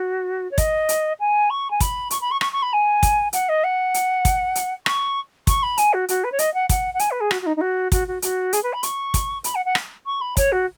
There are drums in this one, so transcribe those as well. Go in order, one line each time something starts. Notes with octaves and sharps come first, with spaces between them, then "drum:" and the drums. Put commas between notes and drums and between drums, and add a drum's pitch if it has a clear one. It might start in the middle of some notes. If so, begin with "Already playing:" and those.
Already playing: F#4
C#5
D#5, drum: kick, hi-hat
drum: hi-hat
G#5
C#6
G#5
B5, drum: kick, hi-hat
C#6, drum: hi-hat
B5
C#6
C#6, drum: rim click
C#6
B5
G#5
drum: kick, hi-hat
F#5, drum: hi-hat
D#5
F#5
drum: hi-hat
drum: kick, hi-hat
drum: hi-hat
C#6, drum: rim click
C#6, drum: kick, hi-hat
B5
G#5, drum: hi-hat
F#4
F#4, drum: hi-hat
B4
C#5
D#5, drum: hi-hat
F#5
F#5, drum: kick, hi-hat
F#5
G#5, drum: hi-hat
B4
G#4
F#4, drum: rim click
F#4
D#4
D#4
F#4
F#4, drum: kick, hi-hat
F#4
F#4, drum: hi-hat
G#4, drum: hi-hat
B4
B5
C#6, drum: hi-hat
drum: kick, hi-hat
B5, drum: hi-hat
F#5
F#5
drum: rim click
C#6
B5
C#5, drum: kick, hi-hat
F#4